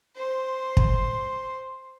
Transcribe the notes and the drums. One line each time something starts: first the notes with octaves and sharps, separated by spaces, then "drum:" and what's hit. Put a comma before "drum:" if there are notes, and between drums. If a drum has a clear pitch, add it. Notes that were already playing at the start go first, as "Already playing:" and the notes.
C5 C6
drum: kick